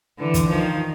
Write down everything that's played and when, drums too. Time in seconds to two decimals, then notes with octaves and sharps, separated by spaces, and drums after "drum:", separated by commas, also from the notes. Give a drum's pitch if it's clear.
0.19 D3 E3
0.34 drum: kick, hi-hat
0.49 D#3 F3